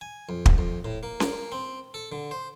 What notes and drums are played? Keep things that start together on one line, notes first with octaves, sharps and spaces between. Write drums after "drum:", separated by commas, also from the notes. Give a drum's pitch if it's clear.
G#5
F2
drum: kick
F2
A2
A#3
A#3, drum: snare C#4
C4
A4
D3
C5